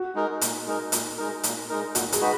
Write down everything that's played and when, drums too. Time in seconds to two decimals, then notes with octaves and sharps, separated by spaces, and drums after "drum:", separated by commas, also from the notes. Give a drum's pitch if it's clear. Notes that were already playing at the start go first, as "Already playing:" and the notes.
Already playing: F#4
0.15 G#3 D#4 A#4
0.41 A#2, drum: hi-hat
0.67 G#3 D#4 A#4
0.92 A#2, drum: hi-hat
1.18 G#3 D#4 A#4
1.43 A#2, drum: hi-hat
1.69 G#3 D#4 A#4
1.95 A#2 F#4, drum: hi-hat
2.12 G#4, drum: hi-hat
2.20 G#3 D#4 F#4 B4